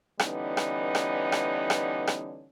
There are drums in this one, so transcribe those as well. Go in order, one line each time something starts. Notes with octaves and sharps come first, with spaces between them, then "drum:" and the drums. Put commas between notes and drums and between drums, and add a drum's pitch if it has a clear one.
D3 E3 G3 B3 C#4 D#4, drum: rim click
drum: rim click
drum: rim click
drum: rim click
drum: rim click
drum: rim click